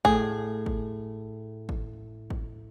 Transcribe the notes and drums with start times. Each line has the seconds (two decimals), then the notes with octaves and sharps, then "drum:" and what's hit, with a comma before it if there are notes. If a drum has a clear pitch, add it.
0.05 A2 G#4, drum: kick
0.66 drum: kick
1.69 drum: kick
2.30 drum: kick